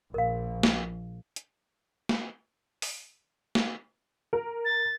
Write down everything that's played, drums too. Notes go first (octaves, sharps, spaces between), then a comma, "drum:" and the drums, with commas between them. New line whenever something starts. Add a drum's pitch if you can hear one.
A#1 A#4 F5
drum: snare
drum: hi-hat
drum: snare
drum: open hi-hat
drum: snare
A#4
A6